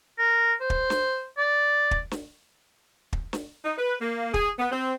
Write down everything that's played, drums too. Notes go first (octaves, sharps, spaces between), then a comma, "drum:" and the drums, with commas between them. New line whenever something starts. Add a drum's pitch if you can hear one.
A#4
C5
drum: kick
drum: snare
D5
drum: kick
drum: snare
drum: kick
drum: snare
D#4
B4
A#3
G#4, drum: kick
B3
C4